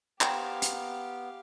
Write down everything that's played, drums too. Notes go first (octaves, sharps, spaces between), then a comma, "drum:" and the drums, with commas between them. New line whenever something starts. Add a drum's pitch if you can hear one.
B3 G4 C5 F5 G5 A#5, drum: clap
drum: hi-hat